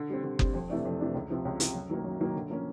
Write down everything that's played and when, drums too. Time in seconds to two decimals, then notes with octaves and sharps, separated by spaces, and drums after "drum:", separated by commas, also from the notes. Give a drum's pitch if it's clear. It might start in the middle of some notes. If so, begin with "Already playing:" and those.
Already playing: D3
0.10 G3 C4
0.24 D3
0.39 G3 C4, drum: kick F#1
0.54 F2
0.70 C3 E3 A3 D4
0.85 F2
1.00 C3 E3 A3 D4
1.14 C#2
1.30 C3 F3
1.45 C#2
1.60 C3 F3, drum: hi-hat
1.75 F#2
1.89 D#3 F#3 A#3
2.04 F#2
2.20 D#3 F#3 A#3
2.35 D3
2.50 F3 A#3 C#4